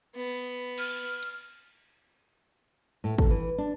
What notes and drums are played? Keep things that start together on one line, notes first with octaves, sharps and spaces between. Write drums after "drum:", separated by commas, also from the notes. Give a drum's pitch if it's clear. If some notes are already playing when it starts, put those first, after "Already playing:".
B3
F6, drum: cymbal
drum: hi-hat
A2
A4, drum: kick
E3
D4